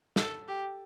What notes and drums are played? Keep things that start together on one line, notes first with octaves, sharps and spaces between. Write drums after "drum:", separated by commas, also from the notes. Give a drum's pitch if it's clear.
A4, drum: snare
G4